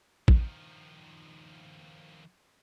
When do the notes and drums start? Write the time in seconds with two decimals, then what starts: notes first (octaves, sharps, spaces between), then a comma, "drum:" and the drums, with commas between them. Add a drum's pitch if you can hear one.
0.28 D#3 F3, drum: kick